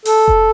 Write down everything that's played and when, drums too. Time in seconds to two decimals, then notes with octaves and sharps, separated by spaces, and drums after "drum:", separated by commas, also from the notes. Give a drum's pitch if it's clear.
0.05 A4, drum: open hi-hat
0.28 drum: kick F1